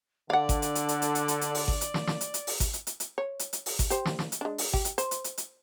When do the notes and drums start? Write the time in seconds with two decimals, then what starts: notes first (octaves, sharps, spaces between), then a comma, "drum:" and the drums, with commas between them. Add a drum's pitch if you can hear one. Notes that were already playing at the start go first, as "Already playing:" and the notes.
0.30 D3 D5 F5 F#5
0.49 drum: kick G#1, hi-hat
0.62 drum: hi-hat
0.75 drum: hi-hat
0.89 drum: hi-hat
1.02 drum: hi-hat
1.15 drum: hi-hat
1.28 drum: hi-hat
1.41 drum: hi-hat
1.55 drum: open hi-hat
1.68 drum: kick G#1
1.81 drum: hi-hat
1.94 drum: snare
2.07 drum: snare
2.21 drum: hi-hat
2.34 drum: hi-hat
2.47 drum: open hi-hat
2.60 drum: kick G#1, hi-hat
2.73 drum: hi-hat
2.87 drum: hi-hat
3.00 drum: hi-hat
3.18 C#5
3.39 drum: hi-hat
3.53 drum: hi-hat
3.66 drum: open hi-hat
3.79 drum: kick G#1, hi-hat
3.90 G4 C5, drum: hi-hat
4.05 drum: snare
4.19 drum: snare
4.32 drum: hi-hat
4.41 G#3 D4
4.58 drum: open hi-hat
4.73 G4, drum: kick G#1
4.85 drum: hi-hat
4.98 C5, drum: hi-hat
5.11 drum: hi-hat
5.24 drum: hi-hat
5.38 drum: hi-hat